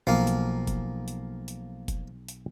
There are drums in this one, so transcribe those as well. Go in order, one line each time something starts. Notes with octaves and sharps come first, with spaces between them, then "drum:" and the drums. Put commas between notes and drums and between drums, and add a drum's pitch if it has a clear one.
B1 F3 A#3
drum: hi-hat
drum: kick F1, hi-hat
drum: hi-hat
drum: hi-hat
drum: kick F1, hi-hat
drum: hi-hat